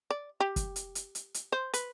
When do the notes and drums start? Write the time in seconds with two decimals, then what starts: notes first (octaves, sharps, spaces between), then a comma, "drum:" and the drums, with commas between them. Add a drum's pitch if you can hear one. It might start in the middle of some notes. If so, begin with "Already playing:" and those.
0.10 D5
0.40 G4
0.56 drum: kick, hi-hat
0.76 drum: hi-hat
0.95 drum: hi-hat
1.15 drum: hi-hat
1.34 drum: hi-hat
1.52 C5
1.74 B4, drum: hi-hat